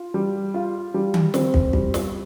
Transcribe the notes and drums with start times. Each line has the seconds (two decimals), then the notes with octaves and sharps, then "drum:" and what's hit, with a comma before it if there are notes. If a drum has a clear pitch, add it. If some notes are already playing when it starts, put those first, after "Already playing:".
Already playing: F4
0.14 G3
0.54 F4
0.94 G3
1.14 drum: tom D#3
1.34 C4, drum: snare
1.54 drum: kick
1.73 G3, drum: kick
1.94 drum: snare